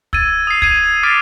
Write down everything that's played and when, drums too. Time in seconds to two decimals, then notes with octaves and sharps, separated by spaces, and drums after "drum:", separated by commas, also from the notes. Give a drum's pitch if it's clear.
0.13 E6 G#6 A6 D#7, drum: kick
0.47 D#6 C7
0.62 G#6 C7 D#7, drum: kick
1.03 D6 F6 A6 B6 C7 D7